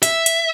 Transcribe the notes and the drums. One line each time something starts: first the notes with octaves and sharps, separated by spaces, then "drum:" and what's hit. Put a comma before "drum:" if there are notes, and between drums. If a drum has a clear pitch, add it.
E5, drum: hi-hat
drum: hi-hat